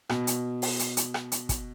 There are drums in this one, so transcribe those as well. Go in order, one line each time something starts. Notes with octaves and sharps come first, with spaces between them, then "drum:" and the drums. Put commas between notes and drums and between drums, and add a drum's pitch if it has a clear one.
B2, drum: rim click
drum: hi-hat
drum: open hi-hat
drum: hi-hat
drum: hi-hat
drum: rim click
drum: hi-hat
drum: kick, hi-hat